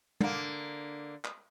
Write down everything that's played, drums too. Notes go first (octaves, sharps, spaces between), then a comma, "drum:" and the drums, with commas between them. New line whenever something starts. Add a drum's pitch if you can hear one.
D3 A#3, drum: tom
drum: clap